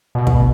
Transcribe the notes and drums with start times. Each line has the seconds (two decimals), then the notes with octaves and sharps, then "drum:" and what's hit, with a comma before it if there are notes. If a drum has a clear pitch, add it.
0.15 B2
0.27 drum: kick